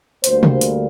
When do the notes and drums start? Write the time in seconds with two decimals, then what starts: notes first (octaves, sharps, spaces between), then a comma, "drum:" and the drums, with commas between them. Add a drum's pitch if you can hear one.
0.24 D2 D3 G3 A#3 C5, drum: hi-hat
0.43 drum: tom C3
0.61 drum: hi-hat